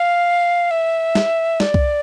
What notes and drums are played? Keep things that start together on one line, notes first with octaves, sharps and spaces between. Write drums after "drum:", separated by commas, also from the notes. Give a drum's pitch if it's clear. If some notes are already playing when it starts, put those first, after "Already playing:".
Already playing: F5
E5
drum: snare
D5, drum: snare
drum: kick C2